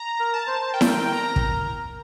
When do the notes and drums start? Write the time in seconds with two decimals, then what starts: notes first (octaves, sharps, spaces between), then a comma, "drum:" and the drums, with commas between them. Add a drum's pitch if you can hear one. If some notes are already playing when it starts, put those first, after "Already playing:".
Already playing: A#5
0.20 A#4
0.34 A5
0.47 C5
0.62 C5
0.74 A#4 G5
0.81 A4, drum: snare E4
0.89 A#4
1.13 A#5
1.36 drum: kick